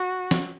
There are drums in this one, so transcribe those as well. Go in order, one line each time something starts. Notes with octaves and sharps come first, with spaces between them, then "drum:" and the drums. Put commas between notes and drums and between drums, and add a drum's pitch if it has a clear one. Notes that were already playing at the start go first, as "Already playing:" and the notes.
Already playing: F#4
drum: snare